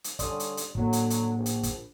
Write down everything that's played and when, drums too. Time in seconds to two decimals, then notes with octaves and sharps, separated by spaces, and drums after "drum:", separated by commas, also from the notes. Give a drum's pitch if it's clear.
0.04 drum: hi-hat
0.19 D3 G3 C#4 D5 C6 D#6, drum: kick, hi-hat
0.40 drum: hi-hat
0.57 drum: hi-hat
0.75 A2 D3 F#3 A#3, drum: kick
0.93 drum: hi-hat
1.10 drum: hi-hat
1.35 A#1
1.46 drum: hi-hat
1.63 drum: kick, hi-hat